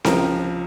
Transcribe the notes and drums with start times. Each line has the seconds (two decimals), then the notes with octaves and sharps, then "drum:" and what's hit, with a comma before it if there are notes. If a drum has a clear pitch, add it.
0.05 C#2 C3 F3 A#4, drum: snare C4